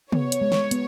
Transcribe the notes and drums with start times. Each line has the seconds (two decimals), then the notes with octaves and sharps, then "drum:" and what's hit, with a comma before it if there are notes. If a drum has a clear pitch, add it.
0.12 B3 C#5, drum: tom
0.32 drum: hi-hat
0.41 G#3
0.52 drum: snare
0.71 B3, drum: hi-hat